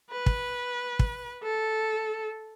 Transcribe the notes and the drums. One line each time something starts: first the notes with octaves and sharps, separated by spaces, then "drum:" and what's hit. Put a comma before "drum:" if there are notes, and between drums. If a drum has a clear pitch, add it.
B4
drum: kick
drum: kick
A4